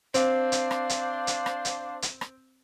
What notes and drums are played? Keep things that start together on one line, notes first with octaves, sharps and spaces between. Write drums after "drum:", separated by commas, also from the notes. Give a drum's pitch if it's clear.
C4 D4 C5 F5, drum: hi-hat
drum: hi-hat
drum: rim click
drum: hi-hat
drum: hi-hat
drum: rim click
drum: hi-hat
drum: hi-hat
drum: rim click